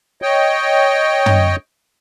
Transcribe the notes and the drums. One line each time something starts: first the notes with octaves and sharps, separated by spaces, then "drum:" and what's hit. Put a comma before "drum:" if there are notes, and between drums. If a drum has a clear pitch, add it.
C#5 D#5 G5
drum: tom